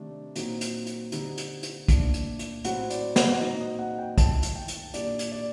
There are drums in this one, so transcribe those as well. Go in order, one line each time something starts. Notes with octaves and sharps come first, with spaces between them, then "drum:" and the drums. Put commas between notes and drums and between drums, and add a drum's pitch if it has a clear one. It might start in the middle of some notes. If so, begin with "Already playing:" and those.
Already playing: C3 D#3 A3 D4
A#2 F#3 C4 D#4, drum: hi-hat
drum: hi-hat
drum: hi-hat
D3 G3 C4 D#4, drum: hi-hat
drum: hi-hat
drum: hi-hat
A#2 A3 D4, drum: kick, hi-hat
drum: hi-hat
drum: hi-hat
A2 F#3 C4 F#5, drum: hi-hat
D5, drum: hi-hat
F#5, drum: snare
D#5
F#5
A#2 F#3 C4 D#4 D#5
D#5
D#5
F#5
G5
F#2 D#3 A3 A5, drum: kick, hi-hat
drum: hi-hat
G5
drum: hi-hat
A#2 G3 D4 D5, drum: hi-hat
drum: hi-hat
D5